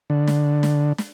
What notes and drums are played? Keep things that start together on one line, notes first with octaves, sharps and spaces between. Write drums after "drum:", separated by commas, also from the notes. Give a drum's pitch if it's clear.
D3
drum: snare
drum: snare
drum: snare